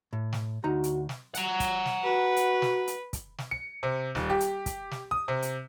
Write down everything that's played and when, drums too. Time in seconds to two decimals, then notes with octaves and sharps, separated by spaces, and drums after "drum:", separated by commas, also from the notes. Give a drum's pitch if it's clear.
0.13 A2
0.33 drum: snare
0.64 D2 D#4 F#4 A#5
0.84 drum: hi-hat
1.09 drum: snare
1.35 F#5 A#5, drum: hi-hat
1.60 drum: kick, hi-hat
1.86 drum: snare
2.04 F#4 B4
2.36 drum: hi-hat
2.62 drum: snare
2.87 drum: hi-hat
3.13 drum: kick, hi-hat
3.38 drum: snare
3.51 C#7
3.83 C3
4.15 D#1, drum: snare
4.30 G4
4.40 drum: hi-hat
4.66 drum: kick, hi-hat
4.91 drum: snare
5.11 D#6
5.28 C3
5.42 drum: hi-hat